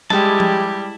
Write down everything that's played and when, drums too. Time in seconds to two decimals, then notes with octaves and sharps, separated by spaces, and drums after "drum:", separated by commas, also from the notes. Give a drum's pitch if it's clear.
0.10 G3 G#3 E4 G4 A5, drum: snare
0.40 drum: tom F3